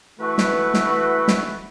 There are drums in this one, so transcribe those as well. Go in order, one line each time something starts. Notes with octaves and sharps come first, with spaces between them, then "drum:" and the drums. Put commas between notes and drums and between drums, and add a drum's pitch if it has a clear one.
E3 A3 F#4 B4
drum: snare
drum: snare
drum: snare